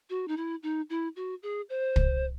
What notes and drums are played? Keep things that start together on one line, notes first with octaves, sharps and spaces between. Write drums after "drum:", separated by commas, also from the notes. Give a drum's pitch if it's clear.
F#4
D#4
E4
D#4
E4
F#4
G#4
C5
drum: kick